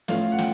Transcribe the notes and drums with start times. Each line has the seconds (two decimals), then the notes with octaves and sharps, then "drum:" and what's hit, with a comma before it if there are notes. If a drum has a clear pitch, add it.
0.08 A2 F3 A3 C#4 F5, drum: snare
0.32 F#5
0.38 G5, drum: snare